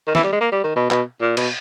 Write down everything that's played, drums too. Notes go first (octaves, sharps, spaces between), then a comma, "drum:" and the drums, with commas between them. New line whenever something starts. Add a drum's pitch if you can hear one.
D#3
E3, drum: snare
G3
G#3
A#3
G3
D#3
B2
B2, drum: clap
A#2
B2, drum: cymbal